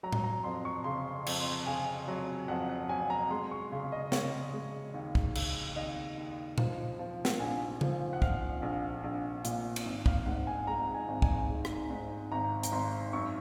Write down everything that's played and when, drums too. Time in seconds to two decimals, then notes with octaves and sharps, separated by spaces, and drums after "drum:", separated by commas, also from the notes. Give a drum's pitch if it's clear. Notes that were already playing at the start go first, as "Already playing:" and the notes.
0.03 F#3 A#5
0.12 drum: tom A2
0.24 A#5
0.43 F2 C6
0.65 C#6
0.84 C#3 C6
1.27 F2, drum: cymbal
1.40 C6
1.67 C#3 G#5
2.08 F#3
2.48 F2 F#5
2.69 F#5
2.89 F#3 G#5
3.10 A#5
3.31 G#3 C6
3.51 C#6
3.72 C#3 C6
3.92 D#5
4.12 C#3 C#5, drum: snare
4.53 G#3
4.94 D#2
5.15 drum: kick
5.35 C#3, drum: cymbal
5.76 D#2 D#5
6.17 D#2
6.58 F3, drum: tom A#2
6.99 F3
7.25 drum: snare
7.40 A#1 G#5
7.81 F3, drum: tom C#3
8.13 F#5
8.22 F3 F5, drum: kick
8.62 A#1
9.04 A#1
9.45 A#2, drum: hi-hat
9.76 drum: cymbal
9.85 G#1
10.06 F5, drum: kick
10.26 G#2 F#5
10.47 G#5
10.67 G#3 A#5
10.94 G#5
11.08 G#1
11.22 G#5, drum: kick
11.49 G#3
11.65 drum: rim click
11.90 G#2
12.31 G#1 A#5
12.63 A#5, drum: hi-hat
12.72 G#1 C6
13.13 F#2 C#6